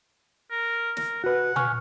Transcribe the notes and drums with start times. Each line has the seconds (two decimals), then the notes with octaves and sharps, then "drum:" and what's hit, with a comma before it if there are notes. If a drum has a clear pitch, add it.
0.51 A#4
0.97 A#4, drum: snare
1.24 F#4 B4 F#5
1.56 G#5 C#6 F6, drum: tom